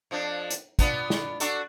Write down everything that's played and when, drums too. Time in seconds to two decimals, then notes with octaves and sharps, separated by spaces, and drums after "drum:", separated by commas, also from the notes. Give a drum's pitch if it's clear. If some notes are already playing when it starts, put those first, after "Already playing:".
0.11 F2 F3 D4
0.50 drum: hi-hat
0.79 B3 D4 F4, drum: kick, hi-hat
1.10 drum: snare
1.40 D4 F#4 A4, drum: hi-hat